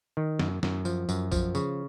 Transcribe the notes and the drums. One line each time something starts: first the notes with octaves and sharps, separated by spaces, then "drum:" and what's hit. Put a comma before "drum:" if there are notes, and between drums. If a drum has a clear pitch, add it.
D#3
F#2, drum: snare
F#2, drum: snare
F3, drum: tambourine
F#2, drum: tambourine
F3, drum: kick, tambourine
C#3, drum: tambourine